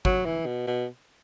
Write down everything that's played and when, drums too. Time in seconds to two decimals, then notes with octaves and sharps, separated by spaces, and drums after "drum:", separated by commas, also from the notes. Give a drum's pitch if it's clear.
0.05 F#3, drum: kick
0.25 E3
0.46 B2
0.67 B2